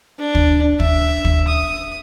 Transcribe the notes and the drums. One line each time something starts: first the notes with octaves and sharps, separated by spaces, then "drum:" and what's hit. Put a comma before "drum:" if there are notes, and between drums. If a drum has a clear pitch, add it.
D4
drum: kick
E5, drum: kick
drum: kick
D#6